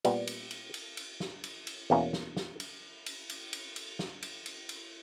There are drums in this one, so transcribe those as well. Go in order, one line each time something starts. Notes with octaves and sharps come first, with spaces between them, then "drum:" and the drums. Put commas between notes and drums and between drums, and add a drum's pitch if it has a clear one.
A#2 G3 B3, drum: cymbal
drum: cymbal
drum: cymbal
drum: cymbal
drum: cymbal
drum: snare
drum: cymbal
drum: cymbal
E2 B2 A#3 C#4 E4
drum: snare
drum: snare
drum: cymbal
drum: cymbal
drum: cymbal
drum: cymbal
drum: cymbal
drum: snare
drum: cymbal
drum: cymbal
drum: cymbal